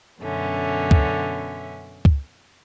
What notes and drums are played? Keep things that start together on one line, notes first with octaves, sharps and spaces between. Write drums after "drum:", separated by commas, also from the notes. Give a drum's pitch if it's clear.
F#2 B2 D3 C#4 E5
drum: kick
drum: kick